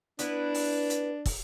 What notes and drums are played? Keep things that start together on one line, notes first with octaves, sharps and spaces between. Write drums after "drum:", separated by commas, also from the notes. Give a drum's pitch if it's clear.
B3 D4 E4 B4, drum: hi-hat
drum: open hi-hat
drum: hi-hat
drum: kick, open hi-hat